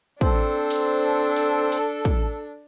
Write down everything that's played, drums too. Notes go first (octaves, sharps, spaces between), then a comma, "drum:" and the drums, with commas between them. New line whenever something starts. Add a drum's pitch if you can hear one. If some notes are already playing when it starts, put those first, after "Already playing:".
C4 D4 A4 C5, drum: kick
drum: open hi-hat
drum: open hi-hat
drum: open hi-hat
drum: kick